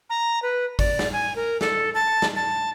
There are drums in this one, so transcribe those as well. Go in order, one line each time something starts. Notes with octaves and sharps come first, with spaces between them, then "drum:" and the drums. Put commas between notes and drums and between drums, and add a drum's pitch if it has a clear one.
A#5
B4
D5, drum: kick, open hi-hat
drum: snare
G#5
A#4
A4, drum: snare
A5
drum: snare
A5